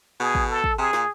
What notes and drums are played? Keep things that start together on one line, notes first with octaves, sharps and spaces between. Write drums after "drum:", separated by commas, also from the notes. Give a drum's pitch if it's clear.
B2 G#4
drum: kick
A4
drum: kick
C3 G#4
A#2, drum: snare